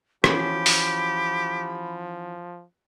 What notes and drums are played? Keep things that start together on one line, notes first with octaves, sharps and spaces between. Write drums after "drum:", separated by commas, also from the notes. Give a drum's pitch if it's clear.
E3 F3 C#4 F#4 G4 B5, drum: rim click
drum: open hi-hat